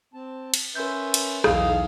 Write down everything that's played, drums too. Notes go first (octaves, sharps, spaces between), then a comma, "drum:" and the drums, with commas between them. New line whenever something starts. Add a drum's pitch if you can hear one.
C4 A5
drum: cymbal
C#4 A#4 B4 E5 C6 G6
drum: cymbal
B1 E2 D#4 G#4 A4 F5 A5 D#6, drum: rim click